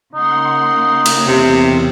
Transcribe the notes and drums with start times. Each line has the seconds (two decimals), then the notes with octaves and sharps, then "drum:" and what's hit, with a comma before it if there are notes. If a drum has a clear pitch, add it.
0.14 C#3 A#3 D#4 F#5 C6
1.06 drum: cymbal
1.27 E2 C3